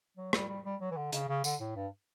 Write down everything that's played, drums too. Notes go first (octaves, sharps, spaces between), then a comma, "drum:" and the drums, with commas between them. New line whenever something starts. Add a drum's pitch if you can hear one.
F#3
G3, drum: rim click
G3
G3
F#3
E3
D3
C#3, drum: hi-hat
C#3
D3, drum: tambourine
A2
G2